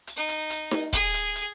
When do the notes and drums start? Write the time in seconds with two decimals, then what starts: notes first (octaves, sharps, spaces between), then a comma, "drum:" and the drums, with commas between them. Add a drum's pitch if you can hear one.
0.07 drum: hi-hat
0.16 D#4
0.29 drum: hi-hat
0.50 drum: hi-hat
0.71 drum: snare D#4
0.93 G#4, drum: kick, hi-hat
1.14 drum: hi-hat
1.35 drum: hi-hat